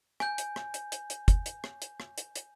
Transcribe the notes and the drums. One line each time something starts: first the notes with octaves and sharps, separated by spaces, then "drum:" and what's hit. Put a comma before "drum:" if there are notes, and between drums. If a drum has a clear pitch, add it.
G#5 G6, drum: rim click
drum: hi-hat
drum: rim click
drum: hi-hat
drum: hi-hat
drum: hi-hat
drum: kick, hi-hat
drum: hi-hat
drum: rim click
drum: hi-hat
drum: rim click
drum: hi-hat
drum: hi-hat